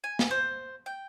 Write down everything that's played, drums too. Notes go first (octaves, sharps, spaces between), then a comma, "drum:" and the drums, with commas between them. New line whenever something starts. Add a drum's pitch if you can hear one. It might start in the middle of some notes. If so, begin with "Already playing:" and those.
G#5
drum: snare
C5
G5